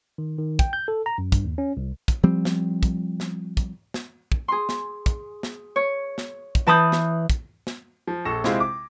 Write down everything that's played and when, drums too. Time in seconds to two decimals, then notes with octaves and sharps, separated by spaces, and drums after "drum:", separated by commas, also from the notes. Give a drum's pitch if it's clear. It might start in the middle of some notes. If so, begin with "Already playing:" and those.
0.18 D#3
0.38 D#3
0.59 G5, drum: kick, hi-hat
0.73 G6
0.88 A4
1.06 A#5
1.18 F#2
1.32 G2, drum: kick, hi-hat
1.45 D#2
1.58 C#4
1.77 C2
2.08 drum: kick, hi-hat
2.23 F3 G3 C4
2.45 drum: snare
2.83 drum: kick, hi-hat
3.20 drum: snare
3.57 drum: kick, hi-hat
3.94 drum: snare
4.32 drum: kick
4.48 G#4 C6
4.69 drum: snare
5.06 drum: kick, hi-hat
5.43 drum: snare
5.76 C#5
6.18 drum: snare
6.55 drum: kick, hi-hat
6.67 E3 A5 B5 D#6 G6
6.92 drum: snare
7.30 drum: kick, hi-hat
7.67 drum: snare
8.07 F3
8.25 A#1 A4 C#6 A#6 E7
8.44 C3 G#3 C4 E4 F4, drum: snare
8.60 D6